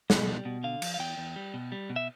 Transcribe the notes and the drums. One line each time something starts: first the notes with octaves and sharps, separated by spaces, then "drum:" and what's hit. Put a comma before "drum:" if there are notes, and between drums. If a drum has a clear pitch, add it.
B2, drum: snare
G3
B2
D3 F5
F3, drum: cymbal
F5
E2 G5
E2
G3
B2
G3
B2
E5